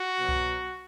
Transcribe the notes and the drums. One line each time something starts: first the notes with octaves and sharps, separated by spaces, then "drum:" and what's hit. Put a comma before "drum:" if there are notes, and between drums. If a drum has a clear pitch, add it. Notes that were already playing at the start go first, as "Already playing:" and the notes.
Already playing: F#4
B2 F#3
drum: kick C2